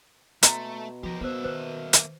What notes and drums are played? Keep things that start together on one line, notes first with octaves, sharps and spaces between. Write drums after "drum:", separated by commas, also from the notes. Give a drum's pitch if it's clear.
B2 A3 A#5 C6, drum: hi-hat
F3 F#4 G4 A#4
A#3 B3 B4 C5 E5
D#3 B4 C5
drum: hi-hat